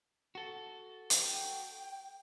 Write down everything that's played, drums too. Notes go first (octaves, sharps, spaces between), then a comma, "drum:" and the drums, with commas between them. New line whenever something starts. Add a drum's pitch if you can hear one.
F#4 A4
drum: hi-hat
G5